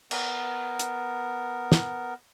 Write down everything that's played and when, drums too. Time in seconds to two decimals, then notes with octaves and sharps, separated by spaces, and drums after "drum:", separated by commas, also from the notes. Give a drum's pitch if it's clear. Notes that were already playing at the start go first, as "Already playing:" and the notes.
0.11 B3 A#4, drum: cymbal
0.79 drum: hi-hat
1.72 drum: snare